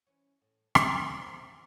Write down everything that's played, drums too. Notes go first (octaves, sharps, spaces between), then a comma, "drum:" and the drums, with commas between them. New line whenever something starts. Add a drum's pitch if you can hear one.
E3 C#4
A2
F#4 A4 A#4, drum: rim click
A3
C3 A#3 C5
D#4 F#4